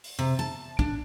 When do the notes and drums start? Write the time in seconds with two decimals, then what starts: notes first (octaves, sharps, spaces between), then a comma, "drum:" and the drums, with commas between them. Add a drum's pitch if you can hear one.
0.04 drum: open hi-hat
0.19 C3
0.39 A5
0.79 D4, drum: kick